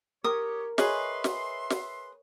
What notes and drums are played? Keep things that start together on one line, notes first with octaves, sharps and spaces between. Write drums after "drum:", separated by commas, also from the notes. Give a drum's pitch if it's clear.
G4 A#4 C#5 D#6
G#4 B4 C#5 D#5 E5 C6, drum: snare
drum: snare
drum: snare